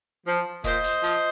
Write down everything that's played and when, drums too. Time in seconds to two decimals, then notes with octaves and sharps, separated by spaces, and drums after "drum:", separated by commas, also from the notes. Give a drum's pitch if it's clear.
0.26 F3
0.64 A#2 C5 D#5, drum: kick F1, hi-hat
0.84 drum: hi-hat
1.04 F3, drum: hi-hat